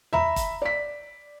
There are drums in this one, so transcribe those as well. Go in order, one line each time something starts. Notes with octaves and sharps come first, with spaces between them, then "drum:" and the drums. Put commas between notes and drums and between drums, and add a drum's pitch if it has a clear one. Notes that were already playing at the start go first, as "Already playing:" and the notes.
E5 A#5 B5, drum: tom
drum: kick, hi-hat
D5 B6